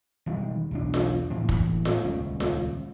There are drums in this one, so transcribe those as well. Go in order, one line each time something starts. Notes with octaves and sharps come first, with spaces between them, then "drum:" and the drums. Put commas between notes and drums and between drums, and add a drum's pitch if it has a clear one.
E1 D#3 G3 G#3
B1 E2 D4
drum: snare F4
D2 A2 E3 A#3
drum: kick
drum: snare F4
D#1 C#2 C#4
drum: snare F4